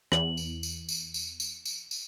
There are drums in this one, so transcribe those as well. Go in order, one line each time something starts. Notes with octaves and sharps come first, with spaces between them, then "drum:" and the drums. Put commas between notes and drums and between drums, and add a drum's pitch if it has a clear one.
E2 F#7, drum: rim click
drum: tambourine
drum: tambourine
drum: tambourine
drum: tambourine
drum: tambourine
drum: tambourine
drum: tambourine